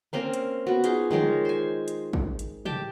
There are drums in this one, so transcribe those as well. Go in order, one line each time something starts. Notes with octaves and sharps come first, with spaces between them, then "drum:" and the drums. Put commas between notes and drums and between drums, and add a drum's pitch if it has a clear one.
A#3 C4 C#4 A#4
drum: hi-hat
B3 F#4
D#4 F4 G#4, drum: hi-hat
D#3 G#3 A#4 C#5, drum: tom
C5 G#5
drum: hi-hat
drum: kick
drum: hi-hat
G4 G5 A5, drum: tom